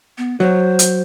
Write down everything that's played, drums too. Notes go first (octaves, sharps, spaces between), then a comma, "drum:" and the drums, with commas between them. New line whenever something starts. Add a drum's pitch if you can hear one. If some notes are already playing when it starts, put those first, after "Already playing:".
B3
F#3 C5
drum: hi-hat